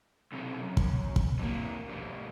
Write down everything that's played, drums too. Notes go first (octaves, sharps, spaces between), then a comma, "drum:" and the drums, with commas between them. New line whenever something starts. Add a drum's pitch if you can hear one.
B1 C3
F#2
drum: kick
drum: kick
F2 A#3
G2 B2